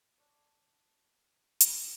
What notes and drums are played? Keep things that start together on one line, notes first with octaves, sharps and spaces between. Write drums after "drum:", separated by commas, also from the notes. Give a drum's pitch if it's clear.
D4 C#5
drum: hi-hat